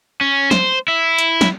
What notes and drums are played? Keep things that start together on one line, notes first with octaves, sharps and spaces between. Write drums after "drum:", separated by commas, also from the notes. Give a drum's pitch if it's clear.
C#4
C5, drum: snare
E4
drum: hi-hat
drum: snare